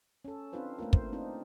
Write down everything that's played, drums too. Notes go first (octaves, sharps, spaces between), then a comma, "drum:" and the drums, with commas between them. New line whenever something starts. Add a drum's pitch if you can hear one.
C#4 A4
C4 D4 D#4 F4 B4 C5
A3 A#3 F4 A#4
C5, drum: kick
C4 D4 D#4 F4